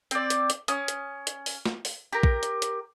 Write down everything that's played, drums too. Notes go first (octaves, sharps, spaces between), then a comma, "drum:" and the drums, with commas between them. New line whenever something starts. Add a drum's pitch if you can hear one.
C4 D5, drum: hi-hat
drum: hi-hat
drum: hi-hat
C#4 D#6, drum: hi-hat
drum: hi-hat
drum: hi-hat
drum: open hi-hat
drum: snare
drum: open hi-hat
G4 A#4
drum: kick A#1
drum: hi-hat
drum: hi-hat